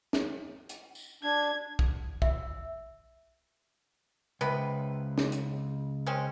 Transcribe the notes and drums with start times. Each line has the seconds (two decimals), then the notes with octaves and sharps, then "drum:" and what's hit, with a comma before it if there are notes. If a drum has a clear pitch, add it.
0.13 drum: snare
0.69 drum: hi-hat
0.95 drum: tambourine
1.23 D4 G#6
1.79 drum: kick
2.22 E5, drum: kick
4.41 C#2 C3 B3 B4
5.18 drum: snare
5.32 drum: hi-hat
6.06 G#3 C4 C#4